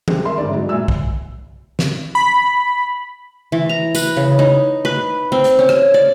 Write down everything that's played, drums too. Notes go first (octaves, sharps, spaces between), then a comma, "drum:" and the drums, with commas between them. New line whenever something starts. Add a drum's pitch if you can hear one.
G3 C4 G#4, drum: tom E3
A#4 E5 C6
G1 G#2 D5
F#3 G#3
A#2 E5 G#5 E6
drum: kick A#1
drum: snare
B5
E3
A#5
B4, drum: tambourine
C#3
D#4
B4
C4
drum: hi-hat
C#4
drum: rim click
D5